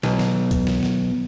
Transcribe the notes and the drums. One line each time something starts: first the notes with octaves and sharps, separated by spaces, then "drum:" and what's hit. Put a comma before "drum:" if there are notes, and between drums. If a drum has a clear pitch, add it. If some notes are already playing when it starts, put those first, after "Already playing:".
B1, drum: snare
drum: snare
drum: kick C2, hi-hat
drum: snare
drum: snare